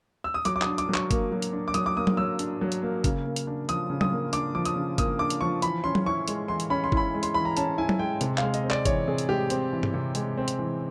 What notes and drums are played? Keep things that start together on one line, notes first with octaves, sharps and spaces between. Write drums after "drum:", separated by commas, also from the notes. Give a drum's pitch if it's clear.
E6
D#6
F#3 D6, drum: hi-hat
D6
D4 D#6, drum: clap
D6, drum: hi-hat
F#3
C#6, drum: clap
A#3, drum: kick, hi-hat
F#3
drum: hi-hat
D4
D6
F#3 D#6, drum: hi-hat
D6
A#3 D#6
drum: tom F#3
F#3 E6
D4, drum: hi-hat
F#3
drum: hi-hat
A#3
C#3, drum: kick, hi-hat
A#3
drum: hi-hat
D4
F3 D#6, drum: hi-hat
C#3
D#6, drum: tom F#3
A#3
D4 D6, drum: hi-hat
F3 D6
D#6, drum: hi-hat
C#3
A#3 D#6, drum: kick, hi-hat
D4 D6
drum: hi-hat
F3 C#6
E3 B5, drum: hi-hat
C#4 C6
drum: tom F#3
E4 C#6
G#3, drum: hi-hat
E3 C6
drum: hi-hat
C#4 B5
C6
E4 B5, drum: kick
G#3
C6, drum: hi-hat
E3 B5
A#5
C#4 A5, drum: hi-hat
E4 G#5
drum: tom F#3
G#3 G5
C3, drum: hi-hat
G#3 F5, drum: clap
D#5, drum: hi-hat
C4
D5, drum: clap
E3 C#5, drum: kick, hi-hat
C3 G#4
drum: hi-hat
G#3 G4
C4, drum: hi-hat
E3
drum: tom G2
C3
G#3, drum: hi-hat
C4
drum: hi-hat
E3